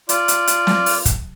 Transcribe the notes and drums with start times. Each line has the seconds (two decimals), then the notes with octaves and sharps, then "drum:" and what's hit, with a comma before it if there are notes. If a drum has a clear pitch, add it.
0.09 F4 D5, drum: hi-hat
0.28 drum: hi-hat
0.47 drum: hi-hat
0.67 drum: snare
0.86 drum: open hi-hat
1.05 drum: kick, hi-hat